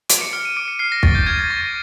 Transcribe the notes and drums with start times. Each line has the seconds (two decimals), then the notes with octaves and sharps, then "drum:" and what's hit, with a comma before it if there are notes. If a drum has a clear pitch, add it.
0.10 D6 D7, drum: hi-hat
0.21 C#7
0.33 F6 C#7
0.45 D#7
0.57 D6 D7
0.68 C#7
0.79 F6 C7
0.92 A#6
1.03 C#6 A6, drum: kick
1.15 G6
1.26 F6 G#6
1.39 A6
1.50 C#6 A#6